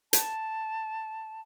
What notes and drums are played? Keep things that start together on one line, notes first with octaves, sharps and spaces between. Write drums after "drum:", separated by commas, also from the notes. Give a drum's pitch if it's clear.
A5, drum: hi-hat